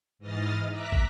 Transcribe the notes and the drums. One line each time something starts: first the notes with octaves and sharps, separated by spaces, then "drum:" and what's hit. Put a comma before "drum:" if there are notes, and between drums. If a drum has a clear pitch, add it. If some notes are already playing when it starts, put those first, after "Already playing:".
G#2 E3 D#5 D#6 F6 A6
E5 A#5 D6 F#6 B6
drum: kick